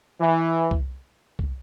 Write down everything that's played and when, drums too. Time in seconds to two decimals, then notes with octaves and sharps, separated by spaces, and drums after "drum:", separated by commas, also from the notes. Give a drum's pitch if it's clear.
0.21 E3
0.71 drum: kick C2
1.39 drum: kick C2